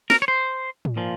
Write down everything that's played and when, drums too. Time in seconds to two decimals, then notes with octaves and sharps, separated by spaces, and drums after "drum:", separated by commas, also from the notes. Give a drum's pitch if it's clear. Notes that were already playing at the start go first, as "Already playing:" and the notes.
0.10 A#4, drum: snare
0.22 C#5
0.28 C5
0.85 drum: tom
0.97 A#2 F3